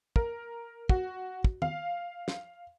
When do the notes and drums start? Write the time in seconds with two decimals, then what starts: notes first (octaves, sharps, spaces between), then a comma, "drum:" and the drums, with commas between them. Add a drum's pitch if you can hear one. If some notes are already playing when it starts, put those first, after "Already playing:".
0.16 A#4, drum: kick
0.89 F#4, drum: kick
1.44 drum: kick
1.62 F5, drum: tom
2.28 drum: snare